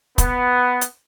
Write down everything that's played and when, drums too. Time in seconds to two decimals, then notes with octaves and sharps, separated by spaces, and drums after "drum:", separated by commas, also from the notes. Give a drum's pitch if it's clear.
0.18 B3, drum: kick, hi-hat
0.81 drum: hi-hat